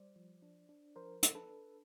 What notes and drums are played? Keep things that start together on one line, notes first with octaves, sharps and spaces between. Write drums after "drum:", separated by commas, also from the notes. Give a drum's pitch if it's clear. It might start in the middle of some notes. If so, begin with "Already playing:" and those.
Already playing: G3 C5 D5
F3
D4
D4
F3 A#4 C5
D4, drum: hi-hat
A4 B4
D4